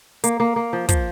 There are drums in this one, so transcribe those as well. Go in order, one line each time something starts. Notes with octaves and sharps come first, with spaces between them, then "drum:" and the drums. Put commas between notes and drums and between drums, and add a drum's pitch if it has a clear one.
A#3, drum: hi-hat
A#3
A#3
F3
F3, drum: kick, hi-hat